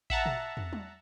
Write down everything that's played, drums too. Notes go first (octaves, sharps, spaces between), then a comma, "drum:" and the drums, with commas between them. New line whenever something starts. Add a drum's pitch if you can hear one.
E5 F#5 A5 A#5, drum: kick A1
drum: tom
drum: tom
drum: tom F#3